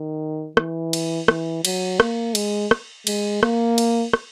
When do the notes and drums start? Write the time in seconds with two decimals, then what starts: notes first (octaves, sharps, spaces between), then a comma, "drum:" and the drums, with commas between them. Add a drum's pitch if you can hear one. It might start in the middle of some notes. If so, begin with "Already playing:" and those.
Already playing: D#3
0.57 E3, drum: rim click
0.93 drum: cymbal
1.28 E3, drum: rim click
1.65 F#3, drum: cymbal
2.00 A#3, drum: rim click
2.35 G#3, drum: cymbal
2.71 drum: rim click
3.07 G#3, drum: cymbal
3.43 A#3, drum: rim click
3.78 drum: cymbal
4.13 drum: rim click